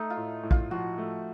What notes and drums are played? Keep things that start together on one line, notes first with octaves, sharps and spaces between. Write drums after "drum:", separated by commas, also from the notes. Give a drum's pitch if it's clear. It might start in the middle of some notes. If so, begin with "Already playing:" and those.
Already playing: A3 D#4
F4
A2
A2
F4, drum: kick A#1
F3 F#4
A3